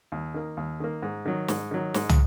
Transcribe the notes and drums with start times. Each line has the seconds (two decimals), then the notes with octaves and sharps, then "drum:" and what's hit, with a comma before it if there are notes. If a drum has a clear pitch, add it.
0.12 D#2
0.34 D#3 A#3
0.57 D#2
0.80 D#3 A#3
1.02 G#2
1.25 D#3 F#3
1.48 G#2, drum: snare
1.71 D#3 F#3
1.94 G#2, drum: snare
2.09 drum: tom